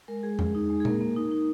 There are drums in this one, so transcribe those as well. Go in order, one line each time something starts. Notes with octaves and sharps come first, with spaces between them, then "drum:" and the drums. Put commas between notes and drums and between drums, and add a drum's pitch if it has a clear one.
G#3 A#4
G#3 G#4
G#3, drum: tom E2
D#4
G#3
G#4
A#3 A#4, drum: tom A#2
A#3
D#4
D#4